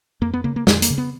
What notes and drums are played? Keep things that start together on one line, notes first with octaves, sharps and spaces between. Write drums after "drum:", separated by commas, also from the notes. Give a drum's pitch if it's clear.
F2 A#3
B3
C#3 A#3
A#3
F2 G#3, drum: snare
A#3, drum: hi-hat
C#3
B3